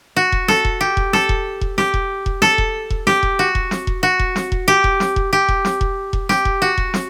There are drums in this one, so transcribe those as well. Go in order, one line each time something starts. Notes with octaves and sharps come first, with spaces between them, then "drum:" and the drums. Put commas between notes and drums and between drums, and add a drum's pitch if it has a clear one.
F#4
drum: kick E1
A4, drum: snare
drum: kick E1
G4
drum: kick E1
A4, drum: snare
drum: kick E1
drum: kick E1
G4, drum: snare
drum: kick E1
drum: kick E1
A4, drum: snare
drum: kick E1
drum: kick E1
G4, drum: snare
drum: kick E1
F#4
drum: kick E1
drum: snare
drum: kick E1
F#4
drum: kick E1
drum: snare
drum: kick E1
G4
drum: kick E1
drum: snare
drum: kick E1
G4
drum: kick E1
drum: snare
drum: kick E1
drum: kick E1
G4, drum: snare
drum: kick E1
F#4
drum: kick E1
drum: snare